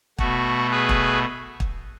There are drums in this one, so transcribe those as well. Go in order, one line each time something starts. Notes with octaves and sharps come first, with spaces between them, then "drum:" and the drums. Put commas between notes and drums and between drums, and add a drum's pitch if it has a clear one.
B2 A3 F#4, drum: kick
G#4 B4
drum: kick
drum: kick